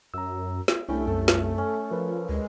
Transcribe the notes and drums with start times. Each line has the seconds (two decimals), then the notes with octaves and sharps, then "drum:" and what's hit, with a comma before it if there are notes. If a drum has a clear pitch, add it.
0.14 F#2 A#5 E6
0.68 drum: snare
0.89 C2 A3 C#4 D4 E4 G5
1.07 F#2 A4
1.28 drum: snare
1.58 C#4
1.91 F3 A#4 B4
2.29 D2 G#3